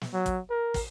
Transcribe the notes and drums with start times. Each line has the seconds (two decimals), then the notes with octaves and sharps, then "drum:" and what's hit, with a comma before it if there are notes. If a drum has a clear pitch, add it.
0.01 drum: snare
0.13 F#3
0.26 drum: kick, hi-hat
0.50 A#4
0.74 drum: kick, open hi-hat